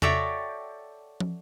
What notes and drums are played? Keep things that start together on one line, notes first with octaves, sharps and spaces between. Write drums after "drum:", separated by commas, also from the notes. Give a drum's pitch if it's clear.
F#4 A4 C#5 D5 E5 G5, drum: tom
drum: tom